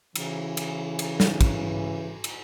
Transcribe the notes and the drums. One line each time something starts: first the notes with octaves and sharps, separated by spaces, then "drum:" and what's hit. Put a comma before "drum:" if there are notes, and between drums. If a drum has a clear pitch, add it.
C#3 E3, drum: cymbal
drum: cymbal
drum: cymbal
drum: snare
drum: kick, cymbal
drum: cymbal